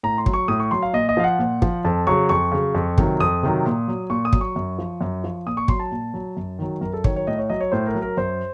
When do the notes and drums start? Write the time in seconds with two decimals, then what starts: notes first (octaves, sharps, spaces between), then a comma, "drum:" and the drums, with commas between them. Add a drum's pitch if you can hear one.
0.03 A2 A#5
0.18 C6
0.26 F#3, drum: kick
0.33 C#6
0.48 A2 D#6
0.60 C#6
0.71 F#3 C6
0.83 F5
0.93 A#2 D#5
1.09 D#5
1.17 F3 F5
1.24 F#5
1.39 A#2
1.62 F3, drum: kick
1.85 F2 A5
2.07 C#3 F#3 C#6
2.29 F2 C#6
2.52 C#3 F#3
2.75 F2
2.98 C3 D#3 F#3, drum: kick
3.20 F2 D#6
3.43 C3 D#3 F#3
3.66 A#2
3.88 F#3
4.10 A#2 C#6
4.25 D#6
4.33 F#3, drum: kick
4.41 C#6
4.56 F#2
4.79 F3
5.01 F#2
5.24 F3
5.47 A#2 D#6
5.57 C#6
5.68 F#3 C6, drum: kick
5.80 A5
5.91 A#2
6.14 F#3
6.37 F#2
6.59 D#3 F#3
6.81 F#2 A#4
6.93 A4
7.04 D#3 F#3 C#5, drum: kick
7.16 C#5
7.27 A2 D#5
7.38 C#5
7.50 F#3 D#5
7.61 C#5
7.72 A2 C5
7.87 A#4
7.95 F#3
8.02 A#4
8.17 F#2 C5